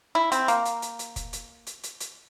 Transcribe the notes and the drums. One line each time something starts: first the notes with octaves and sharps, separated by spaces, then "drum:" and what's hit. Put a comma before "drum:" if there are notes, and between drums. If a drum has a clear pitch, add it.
E4
C4, drum: hi-hat
A#3, drum: hi-hat
drum: hi-hat
drum: hi-hat
drum: hi-hat
drum: kick, hi-hat
drum: hi-hat
drum: hi-hat
drum: hi-hat
drum: hi-hat